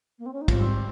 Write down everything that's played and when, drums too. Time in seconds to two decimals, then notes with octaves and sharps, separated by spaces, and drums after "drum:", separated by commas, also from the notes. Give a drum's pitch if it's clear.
0.19 A#3
0.26 C4
0.33 C#4
0.41 D#4
0.48 G#2 G3 C4 F4, drum: kick, cymbal